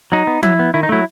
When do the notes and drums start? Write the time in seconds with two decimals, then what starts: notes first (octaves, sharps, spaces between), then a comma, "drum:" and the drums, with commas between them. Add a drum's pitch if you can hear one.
0.12 F#3 D#4
0.27 B3
0.43 F#3 E4, drum: tom F3
0.59 B3
0.74 D#3 E4
0.83 D#4
0.89 F#3 A3 E4